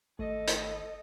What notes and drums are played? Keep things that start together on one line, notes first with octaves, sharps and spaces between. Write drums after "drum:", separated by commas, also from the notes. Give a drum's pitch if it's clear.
G#1 A3 A4 D#5
drum: hi-hat